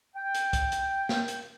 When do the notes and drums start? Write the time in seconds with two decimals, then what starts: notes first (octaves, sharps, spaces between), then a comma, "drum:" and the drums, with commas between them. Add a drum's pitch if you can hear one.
0.16 G5
0.35 drum: hi-hat
0.53 drum: kick, hi-hat
0.72 drum: hi-hat
1.09 drum: snare
1.28 drum: hi-hat